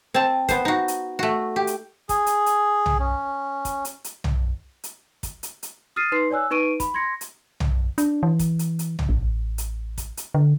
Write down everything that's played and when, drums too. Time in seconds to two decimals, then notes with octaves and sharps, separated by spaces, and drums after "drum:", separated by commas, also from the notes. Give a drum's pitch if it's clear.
0.14 C4 A5
0.49 B3 C5, drum: kick, hi-hat
0.65 D#4 F#4
0.88 drum: hi-hat
1.19 A3 F#4
1.56 G4
1.67 drum: hi-hat
2.09 G#4, drum: kick, hi-hat
2.26 drum: hi-hat
2.46 drum: hi-hat
2.86 drum: tom B1
2.99 C#4
3.65 drum: kick, hi-hat
3.85 drum: hi-hat
4.04 drum: hi-hat
4.24 drum: tom B1
4.84 drum: hi-hat
5.23 drum: kick, hi-hat
5.43 drum: hi-hat
5.63 drum: hi-hat
5.96 D#6 F6 A6 C7 D#7
6.12 D#4 B4 C6 C7
6.30 C#5 D5 G#5 E6 F#6
6.50 D#4 B4 C#6 D7 D#7
6.80 B5, drum: kick, hi-hat
6.94 C6 G#6 A#6 C#7
7.21 drum: hi-hat
7.60 drum: tom B1
7.98 D4, drum: hi-hat
8.23 E3
8.39 drum: kick, hi-hat
8.59 drum: hi-hat
8.79 drum: hi-hat
8.99 drum: tom B1
9.09 A1
9.58 drum: hi-hat
9.98 drum: kick, hi-hat
10.17 drum: hi-hat
10.34 D3